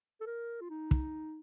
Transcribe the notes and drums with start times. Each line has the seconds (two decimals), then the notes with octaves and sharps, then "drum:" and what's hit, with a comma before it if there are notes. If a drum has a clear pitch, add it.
0.21 A4
0.27 A#4
0.61 F4
0.70 D#4
0.91 drum: kick